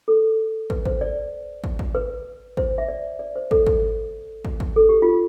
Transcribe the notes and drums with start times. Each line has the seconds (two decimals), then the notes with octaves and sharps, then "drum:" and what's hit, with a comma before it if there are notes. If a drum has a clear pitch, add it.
0.08 A4
0.70 B4, drum: kick
0.85 C5, drum: kick
1.01 D5
1.64 drum: kick
1.79 drum: kick
1.95 B4
2.57 C5, drum: kick
2.78 E5
2.88 D5
3.19 D5
3.36 C5
3.51 A4, drum: kick
3.67 drum: kick
4.45 drum: kick
4.60 drum: kick
4.76 A4
4.89 G4
5.02 F4